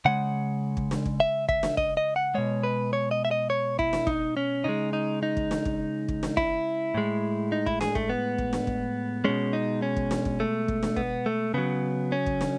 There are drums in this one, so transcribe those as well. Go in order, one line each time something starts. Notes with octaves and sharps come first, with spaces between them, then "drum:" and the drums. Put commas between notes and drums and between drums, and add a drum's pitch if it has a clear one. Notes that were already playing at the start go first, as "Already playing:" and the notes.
C#3 G#3 F#5
drum: kick
drum: snare
drum: kick
E5
E5, drum: kick
drum: snare
D#5, drum: kick
D#5
F#5
B2 G#3 C#5
B4
C#5
D#5
E5
D#5
C#5
E4, drum: kick
drum: snare
D#4, drum: kick
C#4
C#3 G#3 D#4
D#4
D#4
drum: kick
drum: snare
drum: kick
drum: kick
drum: snare
E4, drum: kick
A2 G#3
D#4
E4, drum: kick
G#4, drum: snare
A3, drum: kick
B3
drum: kick
drum: snare
drum: kick
B2 G#3 C#4
D#4
C#4
drum: kick
drum: snare
drum: kick
A3
drum: kick
drum: snare
B3, drum: kick
A3
C#3 F#3 B3
C#4
drum: kick
drum: snare